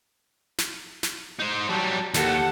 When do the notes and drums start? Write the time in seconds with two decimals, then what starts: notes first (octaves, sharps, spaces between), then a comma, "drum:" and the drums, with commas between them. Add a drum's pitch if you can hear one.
0.59 drum: snare
1.03 drum: snare
1.39 D#4 C5
1.68 F#3 G3 A5
2.14 D#2 G4 A4 F#5, drum: snare